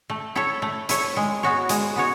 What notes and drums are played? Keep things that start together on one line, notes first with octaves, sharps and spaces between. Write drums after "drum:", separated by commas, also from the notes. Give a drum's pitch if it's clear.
A3
E4 A4 C#5
A3
E4 A4 C#5, drum: hi-hat
G#3
B3 F#4 C#5
G#3, drum: hi-hat
B3 F#4 C#5